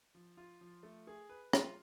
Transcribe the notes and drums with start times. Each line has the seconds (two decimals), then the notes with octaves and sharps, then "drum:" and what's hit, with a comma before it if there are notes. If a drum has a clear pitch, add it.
0.15 F3
0.37 F4
0.61 F3
0.83 A3
1.07 G#4
1.29 B4
1.53 F4, drum: rim click